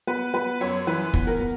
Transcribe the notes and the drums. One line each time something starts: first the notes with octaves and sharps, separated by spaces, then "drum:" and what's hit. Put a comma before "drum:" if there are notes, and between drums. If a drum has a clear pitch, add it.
B3 B4
B3 B4
F#2 C#5
E3 B4
B3, drum: kick
A#4
B3